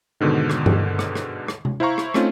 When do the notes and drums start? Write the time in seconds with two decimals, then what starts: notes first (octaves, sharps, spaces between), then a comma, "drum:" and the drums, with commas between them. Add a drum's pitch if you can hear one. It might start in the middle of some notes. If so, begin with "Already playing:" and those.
0.21 G#2 B2 D3 D#3
0.50 drum: rim click
0.66 drum: tom G2
0.99 drum: rim click
1.15 drum: rim click
1.48 drum: rim click
1.65 drum: tom C3
1.80 E4 C5 F5 A#5 C#6
1.98 drum: rim click
2.14 A3 C4 C#4 D#4 F4, drum: rim click